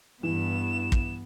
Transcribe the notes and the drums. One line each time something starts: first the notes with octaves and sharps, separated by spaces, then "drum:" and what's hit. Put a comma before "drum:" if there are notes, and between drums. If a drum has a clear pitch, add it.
G2 E3 B3 E7
drum: kick